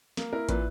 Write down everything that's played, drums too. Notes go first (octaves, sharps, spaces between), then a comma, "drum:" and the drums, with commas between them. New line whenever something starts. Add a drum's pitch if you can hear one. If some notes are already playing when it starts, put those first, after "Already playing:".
A#3, drum: snare
E4 A#4
A#2 B4, drum: kick, hi-hat